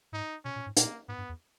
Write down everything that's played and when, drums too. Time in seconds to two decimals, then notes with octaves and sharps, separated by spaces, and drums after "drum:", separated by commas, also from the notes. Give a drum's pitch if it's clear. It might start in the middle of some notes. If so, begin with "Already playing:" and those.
0.12 G#2 D#4
0.45 B2 C#4
0.56 A#2
0.66 G#2
0.77 A#2 A#3, drum: hi-hat
1.08 G#2 B3
1.18 G2
1.29 E2